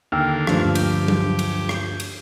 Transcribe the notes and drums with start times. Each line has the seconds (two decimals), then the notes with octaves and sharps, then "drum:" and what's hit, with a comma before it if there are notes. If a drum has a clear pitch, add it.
0.12 D#2 D3 A#3 G5 E6 F6
0.47 D2 G2 F3, drum: rim click
0.75 G4, drum: cymbal
1.08 drum: tom F#3
1.39 drum: cymbal
1.69 drum: rim click
2.00 drum: cymbal